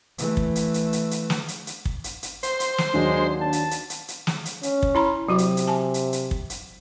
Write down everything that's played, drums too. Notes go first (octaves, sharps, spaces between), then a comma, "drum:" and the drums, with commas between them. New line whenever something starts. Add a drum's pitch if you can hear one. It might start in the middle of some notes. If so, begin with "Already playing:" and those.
E3 A3, drum: hi-hat
drum: kick
drum: hi-hat
drum: hi-hat
drum: hi-hat
drum: hi-hat
drum: snare
drum: hi-hat
drum: hi-hat
drum: kick
drum: hi-hat
drum: hi-hat
C5, drum: hi-hat
drum: hi-hat
drum: snare
D#2 F#3 G#3 D4
A5
drum: hi-hat
drum: hi-hat
drum: hi-hat
drum: hi-hat
drum: snare
drum: hi-hat
C#4, drum: hi-hat
drum: kick
E4 A#5 B5
C3 F#3 F#4 D6
drum: hi-hat
drum: hi-hat
G#5 A5
drum: hi-hat
drum: hi-hat
drum: kick
drum: hi-hat